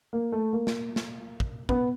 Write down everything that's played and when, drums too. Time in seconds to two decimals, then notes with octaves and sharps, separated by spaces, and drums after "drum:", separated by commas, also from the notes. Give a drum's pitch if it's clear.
0.13 A#3
0.32 A3
0.53 A#3
0.67 drum: snare
0.96 drum: snare
1.40 drum: kick
1.69 B3, drum: kick